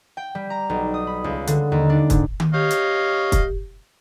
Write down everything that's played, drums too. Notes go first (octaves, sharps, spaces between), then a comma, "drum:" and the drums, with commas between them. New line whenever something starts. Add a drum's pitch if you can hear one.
G5
G3
A#5
B1
D#6
B5
C#2
D3, drum: hi-hat
D#2
D4
G#2, drum: kick, hi-hat
drum: tom D#3
G4 C#5 D#5 F5
drum: hi-hat
drum: kick, hi-hat